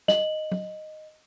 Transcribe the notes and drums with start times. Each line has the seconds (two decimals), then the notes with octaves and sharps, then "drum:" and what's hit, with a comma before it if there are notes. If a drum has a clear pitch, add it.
0.08 D#5 F#7, drum: snare
0.51 drum: tom